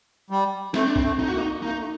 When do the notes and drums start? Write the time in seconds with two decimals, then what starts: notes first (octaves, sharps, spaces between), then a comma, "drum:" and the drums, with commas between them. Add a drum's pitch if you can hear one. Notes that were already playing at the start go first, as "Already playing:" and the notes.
0.30 G3
0.74 A3 C4, drum: snare
0.86 D4
0.96 C4, drum: kick A#1
1.03 A3
1.19 D#4
1.28 F#4
1.33 A#3
1.38 D#4
1.63 A#3 D#4
1.79 A3